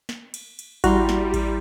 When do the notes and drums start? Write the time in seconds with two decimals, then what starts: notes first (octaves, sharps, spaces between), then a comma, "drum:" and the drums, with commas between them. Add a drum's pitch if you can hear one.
0.09 drum: snare
0.34 drum: cymbal
0.59 drum: cymbal
0.84 G3 E4 F#4 A#5 C6, drum: kick A1, cymbal
1.09 drum: snare
1.34 drum: kick A1, cymbal